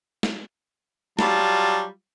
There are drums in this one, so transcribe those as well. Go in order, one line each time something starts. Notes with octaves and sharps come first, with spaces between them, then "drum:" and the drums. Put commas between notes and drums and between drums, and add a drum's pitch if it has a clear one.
drum: snare
F#3 G3 F4 A5, drum: snare